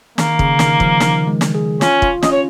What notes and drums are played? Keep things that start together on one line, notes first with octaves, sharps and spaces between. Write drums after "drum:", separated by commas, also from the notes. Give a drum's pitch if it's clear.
D#3 A#3, drum: snare
C#3, drum: kick
D#3, drum: snare
F3, drum: kick
D#3, drum: snare
G#3
drum: snare
G#4
C#4 F4, drum: snare
F4, drum: kick
C#4 D#5, drum: snare
C#5